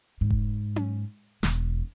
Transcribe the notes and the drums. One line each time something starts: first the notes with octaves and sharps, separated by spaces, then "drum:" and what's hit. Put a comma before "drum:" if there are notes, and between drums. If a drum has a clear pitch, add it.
G#2
drum: kick F1
drum: tom C#4
E1, drum: snare